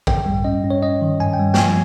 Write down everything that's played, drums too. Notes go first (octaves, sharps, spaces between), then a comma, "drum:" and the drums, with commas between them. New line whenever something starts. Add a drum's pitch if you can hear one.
G2 G5, drum: kick A#1
G3
C#4 D#5
C#4
C#5
C#4 D#5
D#3
G2 G#5
G5
G3
G5, drum: snare
F3 G#5